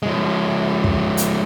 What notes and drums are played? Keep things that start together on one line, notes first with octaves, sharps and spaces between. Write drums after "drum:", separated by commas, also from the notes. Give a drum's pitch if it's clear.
F3 G#3
drum: kick
drum: hi-hat